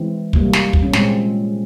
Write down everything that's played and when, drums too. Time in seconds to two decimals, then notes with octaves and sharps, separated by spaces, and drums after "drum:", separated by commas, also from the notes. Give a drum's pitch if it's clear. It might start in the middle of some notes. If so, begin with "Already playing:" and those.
Already playing: E3 G#3 C4
0.33 C3 G3 A#3, drum: kick
0.53 drum: snare
0.73 drum: kick
0.83 C#4
0.93 A#2 G#3 C4, drum: snare